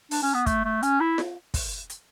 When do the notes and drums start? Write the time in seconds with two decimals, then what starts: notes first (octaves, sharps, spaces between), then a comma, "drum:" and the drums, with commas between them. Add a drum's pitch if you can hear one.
0.11 D4, drum: open hi-hat
0.22 C#4
0.34 B3
0.46 A3, drum: kick, hi-hat
0.64 A3
0.83 C#4, drum: hi-hat
1.00 E4
1.18 drum: snare F4
1.54 drum: kick, open hi-hat
1.90 drum: hi-hat